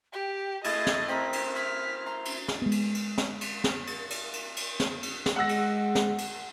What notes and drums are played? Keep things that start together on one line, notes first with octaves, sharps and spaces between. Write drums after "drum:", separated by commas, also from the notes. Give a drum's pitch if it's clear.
G4 G5
A3 E4 G#4 D#5 A6, drum: cymbal
drum: snare
C4 A#4 B6
drum: cymbal
F6 B6
A#5 C6
drum: cymbal
drum: snare
G#3 B3
drum: cymbal
drum: cymbal
drum: snare
drum: cymbal
drum: snare
drum: cymbal
drum: cymbal
drum: cymbal
drum: cymbal
drum: snare
drum: cymbal
drum: snare
G#3 F#5 E6 A#6
drum: cymbal
drum: snare
drum: cymbal